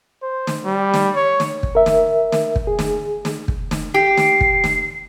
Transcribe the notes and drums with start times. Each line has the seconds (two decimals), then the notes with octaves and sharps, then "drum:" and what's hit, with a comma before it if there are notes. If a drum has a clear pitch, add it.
0.23 C5
0.47 drum: snare
0.65 G3
0.94 drum: snare
1.16 C#5
1.40 drum: snare
1.63 drum: kick
1.75 A#4 E5
1.86 drum: snare
2.32 drum: snare
2.56 drum: kick
2.67 G#4
2.79 drum: snare
3.25 drum: snare
3.48 drum: kick
3.71 drum: snare
3.94 G4 C7
4.17 drum: snare
4.41 drum: kick
4.64 drum: snare